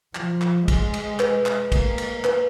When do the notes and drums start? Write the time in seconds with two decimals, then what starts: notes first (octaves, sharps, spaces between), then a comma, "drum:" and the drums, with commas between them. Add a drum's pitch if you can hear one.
0.15 F3, drum: clap
0.42 drum: clap
0.68 G#3, drum: kick, cymbal
0.94 drum: cymbal
1.20 B4, drum: clap
1.46 drum: clap
1.72 A#3, drum: kick, cymbal
1.98 drum: cymbal
2.24 B4, drum: clap